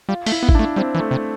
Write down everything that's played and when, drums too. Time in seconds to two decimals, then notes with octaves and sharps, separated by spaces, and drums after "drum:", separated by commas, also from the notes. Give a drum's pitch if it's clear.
0.09 G3 F4
0.26 A3, drum: open hi-hat
0.32 E4
0.43 B3
0.49 E4, drum: kick A1
0.55 A3 D4
0.76 G3 C4
0.95 E3
1.00 A3
1.11 C3